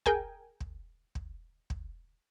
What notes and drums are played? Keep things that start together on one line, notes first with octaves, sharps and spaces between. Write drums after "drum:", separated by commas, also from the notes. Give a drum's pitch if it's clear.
G#4 A#4 G5 G#5, drum: kick
drum: kick
drum: kick
drum: kick